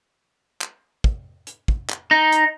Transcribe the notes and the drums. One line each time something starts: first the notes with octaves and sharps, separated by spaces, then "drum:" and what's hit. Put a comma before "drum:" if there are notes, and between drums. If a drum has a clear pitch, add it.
drum: clap
drum: kick
drum: hi-hat
drum: kick
drum: clap
D#4
drum: hi-hat